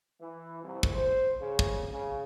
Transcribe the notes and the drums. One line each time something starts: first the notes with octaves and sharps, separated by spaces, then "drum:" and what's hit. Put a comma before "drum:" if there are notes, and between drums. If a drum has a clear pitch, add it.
E3
C2
drum: kick
C5
C#3
drum: kick
C#3